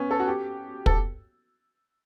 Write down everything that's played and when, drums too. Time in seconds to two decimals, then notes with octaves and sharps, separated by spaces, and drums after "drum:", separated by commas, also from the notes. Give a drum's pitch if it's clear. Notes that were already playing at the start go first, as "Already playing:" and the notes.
Already playing: B3 C#4
0.11 A4
0.20 F#4
0.27 G4
0.86 A4, drum: kick